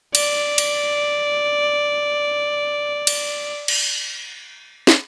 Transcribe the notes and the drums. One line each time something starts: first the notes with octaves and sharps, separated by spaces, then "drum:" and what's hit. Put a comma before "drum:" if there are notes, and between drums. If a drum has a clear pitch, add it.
D5, drum: cymbal
drum: cymbal
drum: cymbal
drum: cymbal
drum: snare